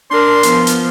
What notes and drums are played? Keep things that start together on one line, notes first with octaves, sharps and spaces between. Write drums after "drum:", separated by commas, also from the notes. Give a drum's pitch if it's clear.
D4 A#4 C6
F3 B3, drum: hi-hat
drum: hi-hat